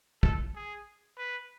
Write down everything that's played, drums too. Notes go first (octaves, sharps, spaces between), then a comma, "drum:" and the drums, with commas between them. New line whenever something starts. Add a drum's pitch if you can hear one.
A4, drum: kick
G#4
B4